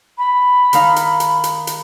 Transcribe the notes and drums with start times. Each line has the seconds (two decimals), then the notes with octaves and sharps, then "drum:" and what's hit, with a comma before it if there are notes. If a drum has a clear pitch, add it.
0.18 B5
0.73 D#3 D#4 F5, drum: hi-hat
0.96 drum: hi-hat
1.20 drum: hi-hat
1.44 drum: hi-hat
1.67 drum: hi-hat